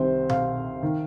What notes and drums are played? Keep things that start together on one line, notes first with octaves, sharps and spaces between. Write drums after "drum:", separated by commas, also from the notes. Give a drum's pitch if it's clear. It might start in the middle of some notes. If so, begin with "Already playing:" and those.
Already playing: C2 C3 D#3 C5
F5, drum: tom B2
D#3